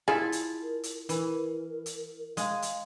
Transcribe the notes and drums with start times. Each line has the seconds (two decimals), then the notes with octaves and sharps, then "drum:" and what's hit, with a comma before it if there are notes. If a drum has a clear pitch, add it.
0.08 E4 F4 G#4 A4
0.32 drum: hi-hat
0.62 A#4
0.83 drum: hi-hat
1.09 E3 A#4, drum: hi-hat
1.86 drum: hi-hat
2.37 G#3 F5, drum: hi-hat
2.62 drum: hi-hat